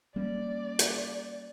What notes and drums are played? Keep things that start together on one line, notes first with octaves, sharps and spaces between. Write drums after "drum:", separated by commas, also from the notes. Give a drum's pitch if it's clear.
G3 A#3 C#4 D5
drum: hi-hat